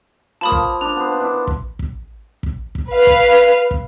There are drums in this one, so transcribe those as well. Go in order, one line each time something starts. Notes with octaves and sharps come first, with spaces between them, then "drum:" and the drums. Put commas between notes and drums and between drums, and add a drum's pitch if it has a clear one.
F3 A#3 A5 B5 D#6
drum: kick
D4 F7
B3 C5
D4 E4
drum: kick
drum: kick
drum: kick
drum: kick
B4 F5
drum: kick
drum: kick